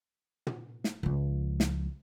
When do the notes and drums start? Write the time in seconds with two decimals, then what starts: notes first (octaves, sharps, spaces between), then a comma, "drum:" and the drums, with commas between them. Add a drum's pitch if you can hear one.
0.47 drum: tom
0.84 drum: snare
1.03 C#2 F3
1.60 drum: snare